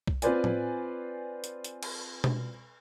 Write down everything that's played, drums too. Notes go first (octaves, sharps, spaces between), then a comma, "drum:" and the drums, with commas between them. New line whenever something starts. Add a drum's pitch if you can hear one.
drum: kick B1
C4 F4 B4 C5 D5 G#5, drum: hi-hat
drum: tom
drum: hi-hat
drum: hi-hat
drum: cymbal
drum: tom B2